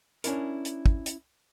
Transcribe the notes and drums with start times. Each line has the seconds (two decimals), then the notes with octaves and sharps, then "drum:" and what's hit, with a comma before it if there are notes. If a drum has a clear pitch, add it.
0.24 C#4 D4 E4 A#4, drum: hi-hat
0.65 drum: hi-hat
0.86 drum: kick
1.06 drum: hi-hat